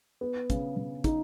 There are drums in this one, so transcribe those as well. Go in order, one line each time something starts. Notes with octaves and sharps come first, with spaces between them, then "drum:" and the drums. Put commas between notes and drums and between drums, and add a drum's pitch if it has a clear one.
B3
C#3, drum: kick, hi-hat
C#3
D#4, drum: kick, hi-hat